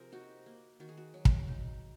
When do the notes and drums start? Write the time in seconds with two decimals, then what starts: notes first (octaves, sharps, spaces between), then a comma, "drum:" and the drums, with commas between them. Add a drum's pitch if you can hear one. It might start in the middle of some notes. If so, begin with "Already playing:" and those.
Already playing: C3 F3 G#4 A#4
0.12 D#4 F#4
0.46 A#3
0.80 D#3 F#4
0.89 G#4
0.98 F#4
1.14 F#3
1.25 drum: kick
1.48 D#4